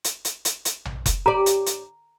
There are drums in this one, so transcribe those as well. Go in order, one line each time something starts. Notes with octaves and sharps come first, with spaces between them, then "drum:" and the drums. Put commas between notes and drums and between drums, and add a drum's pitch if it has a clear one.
drum: hi-hat
drum: hi-hat
drum: hi-hat
drum: hi-hat
drum: tom A#1
drum: kick F1, hi-hat
G4 D5 A#5
drum: hi-hat
drum: hi-hat